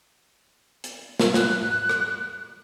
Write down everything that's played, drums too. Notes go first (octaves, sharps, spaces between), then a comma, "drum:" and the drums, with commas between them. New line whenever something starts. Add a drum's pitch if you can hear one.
drum: hi-hat
drum: snare
F#6, drum: snare
drum: rim click